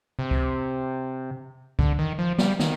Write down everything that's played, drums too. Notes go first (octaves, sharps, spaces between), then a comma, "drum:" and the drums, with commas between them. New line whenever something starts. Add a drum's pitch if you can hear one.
C3
drum: kick C#2
D3, drum: kick C#2
D#3
F3
G3, drum: snare
D#3, drum: snare